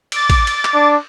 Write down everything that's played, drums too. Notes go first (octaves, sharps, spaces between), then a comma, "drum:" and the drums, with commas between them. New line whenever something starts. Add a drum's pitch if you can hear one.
D6 A6, drum: cymbal
drum: kick A1, cymbal
drum: cymbal
drum: clap
D4